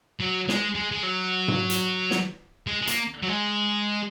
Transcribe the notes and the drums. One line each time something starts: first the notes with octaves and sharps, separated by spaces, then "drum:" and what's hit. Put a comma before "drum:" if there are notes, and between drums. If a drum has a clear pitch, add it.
F#3
G#3, drum: snare
G#3
G#3
F#3
drum: tom G#2
drum: hi-hat
drum: snare
G#3
G#3
A#3, drum: hi-hat
F#3
G#3